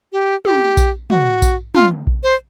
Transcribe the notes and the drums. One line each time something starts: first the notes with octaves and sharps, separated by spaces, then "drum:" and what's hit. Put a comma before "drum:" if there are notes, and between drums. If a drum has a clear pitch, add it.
G4
G4, drum: tom
drum: kick A#1, tambourine
F#4, drum: tom
drum: kick A#1, tambourine
F4, drum: tom
drum: kick A#1
C5